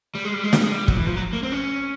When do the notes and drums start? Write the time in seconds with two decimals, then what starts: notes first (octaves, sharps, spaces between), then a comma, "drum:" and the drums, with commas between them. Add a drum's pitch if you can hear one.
0.15 G3
0.24 G#3
0.34 G3
0.44 G#3
0.53 G3, drum: snare
0.62 G#3
0.72 G3
0.88 F#3, drum: kick
0.97 E3
1.07 F3
1.16 F#3
1.33 A#3
1.43 C4
1.52 C#4